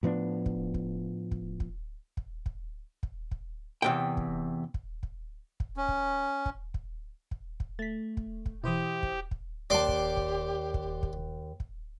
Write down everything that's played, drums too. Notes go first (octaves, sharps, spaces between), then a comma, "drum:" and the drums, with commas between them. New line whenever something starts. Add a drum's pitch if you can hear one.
A2 F3 B3 D4
drum: kick
drum: kick
drum: kick
drum: kick
drum: kick
drum: kick
drum: kick
drum: kick
E2 C3 G5
drum: kick
drum: kick
drum: kick
drum: kick
C#4
drum: kick
drum: kick
drum: kick
drum: kick
drum: kick
A3 A6 B6
drum: kick
drum: kick
B2 E3 E4 G4 C5 D#6
drum: kick
drum: kick
D#2 G4 D5 A5 C6 D6
drum: kick
drum: kick
drum: kick
drum: kick
drum: kick